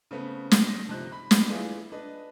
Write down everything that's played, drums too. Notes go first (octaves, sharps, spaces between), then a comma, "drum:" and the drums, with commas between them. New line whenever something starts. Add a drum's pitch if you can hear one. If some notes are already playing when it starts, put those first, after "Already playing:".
C#3 A3 B3 C4
drum: snare
A#6
G1 C3 F3 D#4 C5 F#6
B5
drum: snare
E4 F4 G#4 B4 D5
D4 B4 D#5